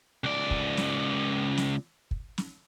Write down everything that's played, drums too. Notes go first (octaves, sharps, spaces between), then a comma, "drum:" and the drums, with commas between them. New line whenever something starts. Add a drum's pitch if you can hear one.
C#2 D5
drum: kick
drum: snare
drum: snare
drum: kick
drum: snare